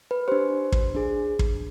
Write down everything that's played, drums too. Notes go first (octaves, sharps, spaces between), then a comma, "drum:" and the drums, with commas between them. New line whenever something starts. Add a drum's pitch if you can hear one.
B4
D4 G4 C5
drum: kick
D4 G#4
drum: kick